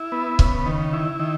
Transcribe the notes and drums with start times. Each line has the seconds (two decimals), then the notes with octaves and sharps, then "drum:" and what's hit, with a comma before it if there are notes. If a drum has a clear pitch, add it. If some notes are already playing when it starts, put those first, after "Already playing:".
Already playing: E4
0.12 B3
0.39 C#3, drum: kick C#1
0.66 D#3
0.93 E4
1.19 D#3